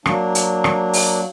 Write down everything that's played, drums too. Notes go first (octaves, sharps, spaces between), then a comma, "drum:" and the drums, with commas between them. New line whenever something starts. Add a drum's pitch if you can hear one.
F#3 A#3 D4, drum: rim click
drum: hi-hat
drum: rim click
drum: open hi-hat